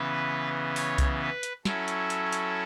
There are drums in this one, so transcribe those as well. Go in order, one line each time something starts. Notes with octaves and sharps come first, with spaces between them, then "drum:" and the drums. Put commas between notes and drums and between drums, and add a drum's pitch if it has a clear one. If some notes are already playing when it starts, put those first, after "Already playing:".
Already playing: C#3 E3 B3 B4
C#5, drum: open hi-hat
drum: kick C2, hi-hat
B4
drum: hi-hat
F#3 C#4 E4 A4, drum: snare
drum: hi-hat
drum: hi-hat
drum: hi-hat